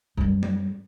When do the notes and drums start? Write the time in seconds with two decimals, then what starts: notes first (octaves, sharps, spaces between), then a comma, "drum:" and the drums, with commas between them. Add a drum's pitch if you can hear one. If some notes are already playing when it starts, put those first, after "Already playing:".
0.17 F#2 G3
0.43 drum: tom F#3